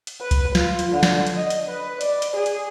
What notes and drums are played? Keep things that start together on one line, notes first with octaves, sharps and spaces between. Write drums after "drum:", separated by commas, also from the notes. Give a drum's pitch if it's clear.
drum: hi-hat
B4
drum: kick C#2, hi-hat
F4, drum: snare
drum: hi-hat
D3
drum: snare
drum: hi-hat
D#5
drum: hi-hat
B4
D5, drum: hi-hat
drum: hi-hat
G#4
drum: hi-hat